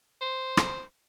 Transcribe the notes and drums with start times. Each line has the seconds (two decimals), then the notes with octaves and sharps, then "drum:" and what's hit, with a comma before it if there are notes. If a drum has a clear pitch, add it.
0.22 C5
0.57 drum: rim click